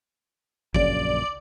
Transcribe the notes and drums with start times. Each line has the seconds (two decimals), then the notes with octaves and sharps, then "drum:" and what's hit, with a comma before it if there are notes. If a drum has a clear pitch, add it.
0.74 A#1 F#2 C#3 D5, drum: kick G1